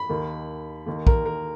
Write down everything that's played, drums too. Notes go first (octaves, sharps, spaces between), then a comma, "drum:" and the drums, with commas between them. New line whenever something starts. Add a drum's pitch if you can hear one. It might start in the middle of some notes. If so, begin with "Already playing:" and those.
Already playing: B5
D#2 D#3
D#2 D#3
A#4, drum: kick
A#4